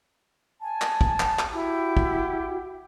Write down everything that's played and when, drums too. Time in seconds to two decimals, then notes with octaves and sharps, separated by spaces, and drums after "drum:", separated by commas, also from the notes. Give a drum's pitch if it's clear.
0.62 G#5 A5
0.82 drum: clap
1.01 drum: kick
1.20 drum: clap
1.39 drum: clap
1.53 E4 F#4 G4
1.97 drum: kick